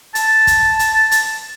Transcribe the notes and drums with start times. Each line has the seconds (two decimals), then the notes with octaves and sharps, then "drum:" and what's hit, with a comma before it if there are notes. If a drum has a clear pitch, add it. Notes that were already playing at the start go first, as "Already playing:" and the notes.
0.15 A5, drum: hi-hat
0.47 drum: kick, hi-hat
0.79 drum: hi-hat
1.11 drum: hi-hat